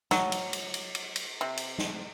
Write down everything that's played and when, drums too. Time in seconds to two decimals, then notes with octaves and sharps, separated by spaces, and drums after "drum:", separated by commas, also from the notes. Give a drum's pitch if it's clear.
0.11 F#3, drum: snare
0.32 drum: cymbal
0.53 drum: cymbal
0.74 drum: cymbal
0.95 drum: cymbal
1.16 drum: cymbal
1.41 C3
1.57 drum: cymbal
1.78 drum: snare